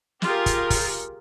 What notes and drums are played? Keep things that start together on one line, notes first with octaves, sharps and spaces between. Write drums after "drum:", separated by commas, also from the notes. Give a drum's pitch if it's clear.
F4 G4 G#4 A#4, drum: snare
drum: kick, hi-hat
drum: kick, open hi-hat